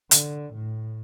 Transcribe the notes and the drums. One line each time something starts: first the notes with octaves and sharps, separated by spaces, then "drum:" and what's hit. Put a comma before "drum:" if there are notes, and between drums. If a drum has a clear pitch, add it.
D3, drum: hi-hat
A2